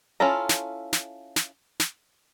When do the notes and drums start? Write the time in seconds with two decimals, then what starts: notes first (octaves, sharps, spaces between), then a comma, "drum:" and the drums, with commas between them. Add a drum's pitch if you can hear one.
0.20 C#4 E4 F4 A4 A#5
0.49 drum: snare
0.93 drum: snare
1.36 drum: snare
1.80 drum: snare